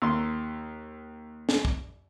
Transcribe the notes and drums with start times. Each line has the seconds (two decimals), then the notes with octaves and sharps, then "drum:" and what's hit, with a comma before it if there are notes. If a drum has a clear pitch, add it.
0.02 D#2 C6
1.49 drum: snare
1.65 drum: kick